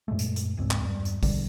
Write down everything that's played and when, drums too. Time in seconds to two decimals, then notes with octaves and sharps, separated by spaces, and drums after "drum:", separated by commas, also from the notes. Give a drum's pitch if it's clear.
0.08 F#2 A#2 G#3 A3
0.19 drum: hi-hat
0.36 drum: hi-hat
0.57 F1 C#2 G#2 C4
0.71 drum: clap
0.80 E2 G2
1.05 drum: hi-hat
1.23 B2 D3 G3, drum: kick A1, open hi-hat